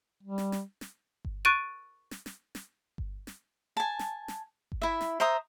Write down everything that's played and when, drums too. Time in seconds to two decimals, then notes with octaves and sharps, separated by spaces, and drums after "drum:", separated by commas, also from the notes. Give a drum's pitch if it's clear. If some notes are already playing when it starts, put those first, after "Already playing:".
0.23 G3
0.38 drum: snare
0.52 drum: snare
0.81 drum: snare
1.25 drum: kick G1
1.45 C#6 F#6 A6 D7 D#7
2.11 drum: snare
2.26 drum: snare
2.55 drum: snare
2.98 drum: kick G1
3.27 drum: snare
3.77 G#5 A5
3.99 drum: snare
4.28 drum: snare
4.72 drum: kick G1
4.82 E4 E5
5.01 drum: snare
5.20 C5 E5 A#5 D#6